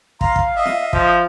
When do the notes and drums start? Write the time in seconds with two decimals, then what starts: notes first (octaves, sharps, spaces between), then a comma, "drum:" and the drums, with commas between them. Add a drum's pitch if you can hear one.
0.21 F5 A#5 C6, drum: kick
0.36 drum: kick
0.56 D#5 E5
0.66 drum: snare
0.93 F3, drum: kick